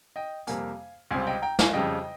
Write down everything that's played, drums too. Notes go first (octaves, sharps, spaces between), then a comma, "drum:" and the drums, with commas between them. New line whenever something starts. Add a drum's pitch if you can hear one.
D#5 G5
F2 C3 G3 A#3 F5 G#5, drum: hi-hat
C#2 C3 G3 C4 F5 G#5
D#5 G5
G5 A#5
F5 G#5, drum: snare
F2 C#3 G3 D#5 G5